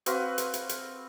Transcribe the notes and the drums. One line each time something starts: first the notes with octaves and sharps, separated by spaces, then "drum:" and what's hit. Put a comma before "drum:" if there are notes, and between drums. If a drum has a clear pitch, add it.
C4 F#4 B4 F5, drum: hi-hat
drum: hi-hat
drum: hi-hat
drum: hi-hat